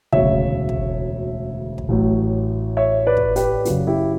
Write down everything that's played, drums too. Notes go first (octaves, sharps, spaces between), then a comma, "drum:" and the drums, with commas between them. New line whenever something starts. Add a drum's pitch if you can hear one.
E1 D2 C#3 F#3 C#5 E5, drum: kick
drum: kick
drum: kick
A1 A2 F#3
C#5 E5
B4 D5
drum: kick
G4 B4, drum: hi-hat
F#1 F#2 C#3 F#3 F#4, drum: hi-hat
E4 G4